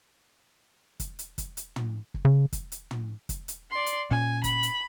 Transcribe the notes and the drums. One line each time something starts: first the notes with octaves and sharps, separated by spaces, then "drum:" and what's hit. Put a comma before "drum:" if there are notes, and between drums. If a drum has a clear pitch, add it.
drum: kick, hi-hat
drum: hi-hat
drum: kick, hi-hat
drum: hi-hat
drum: tom
drum: kick
C#3
drum: kick, hi-hat
drum: hi-hat
drum: tom
drum: kick, hi-hat
drum: hi-hat
D5 C6
drum: hi-hat
A#2 C#4 G#5
B5, drum: kick, hi-hat
drum: hi-hat